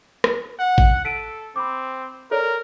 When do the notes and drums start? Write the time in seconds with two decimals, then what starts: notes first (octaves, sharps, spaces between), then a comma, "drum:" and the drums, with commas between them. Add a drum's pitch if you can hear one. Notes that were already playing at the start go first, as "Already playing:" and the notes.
0.24 drum: rim click
0.59 F#5
0.78 drum: kick A1
1.05 A4 B6 D7 D#7
1.56 C4 B5 D6
2.31 A4 A#4 C#5 D5